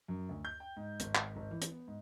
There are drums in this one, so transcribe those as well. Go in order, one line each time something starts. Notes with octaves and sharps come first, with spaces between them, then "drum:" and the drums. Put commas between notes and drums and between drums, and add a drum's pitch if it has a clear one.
F#2
D2
G6
G5
G#2
G#1, drum: hi-hat
drum: clap
G#1
E3
drum: hi-hat
B3
G#2